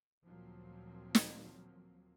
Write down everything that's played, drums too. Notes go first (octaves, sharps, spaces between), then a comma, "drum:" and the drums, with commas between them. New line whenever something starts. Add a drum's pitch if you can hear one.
D2 A#2 F3 F#3 A#3 C4
drum: snare